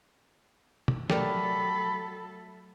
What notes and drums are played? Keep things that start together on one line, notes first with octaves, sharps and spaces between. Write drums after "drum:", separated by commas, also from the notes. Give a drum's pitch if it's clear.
drum: tom
F#3 A3 G4 A4 A#4 D5 B5, drum: snare